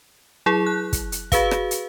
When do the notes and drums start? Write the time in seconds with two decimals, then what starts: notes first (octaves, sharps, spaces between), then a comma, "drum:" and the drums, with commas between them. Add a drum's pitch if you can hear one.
0.46 F#3 E4 G#4
0.66 F#6
0.93 drum: kick, hi-hat
1.12 drum: hi-hat
1.32 F#4 G#4 B4 F5, drum: kick, hi-hat
1.51 drum: rim click
1.71 drum: hi-hat